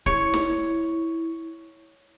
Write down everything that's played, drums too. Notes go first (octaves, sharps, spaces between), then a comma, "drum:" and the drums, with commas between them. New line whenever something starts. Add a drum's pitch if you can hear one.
E4 C#5, drum: kick
drum: snare